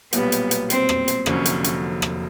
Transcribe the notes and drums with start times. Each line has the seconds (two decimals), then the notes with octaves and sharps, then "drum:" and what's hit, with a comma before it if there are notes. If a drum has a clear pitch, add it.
0.13 B1 A#2 G3 B3, drum: hi-hat
0.32 drum: hi-hat
0.51 drum: hi-hat
0.70 C4, drum: hi-hat
0.89 drum: rim click
1.08 drum: hi-hat
1.26 F1 F2 D3 F#3 A#3 C#4, drum: rim click
1.45 drum: hi-hat
1.64 drum: hi-hat
2.02 drum: rim click